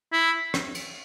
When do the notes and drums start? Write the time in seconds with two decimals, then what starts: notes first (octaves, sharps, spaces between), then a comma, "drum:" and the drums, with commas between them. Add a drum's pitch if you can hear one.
0.13 E4
0.54 drum: rim click
0.75 drum: cymbal